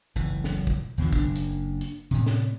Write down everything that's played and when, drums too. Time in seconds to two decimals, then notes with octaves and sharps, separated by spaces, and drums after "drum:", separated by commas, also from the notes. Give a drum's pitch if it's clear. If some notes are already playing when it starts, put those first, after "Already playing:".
0.15 F#1 B1 E3
0.44 drum: snare
0.67 drum: kick
0.98 D#2 B2 D3 F3
1.13 F#1 D4, drum: kick
1.35 drum: hi-hat
1.81 drum: hi-hat
2.11 A2 C3
2.26 drum: snare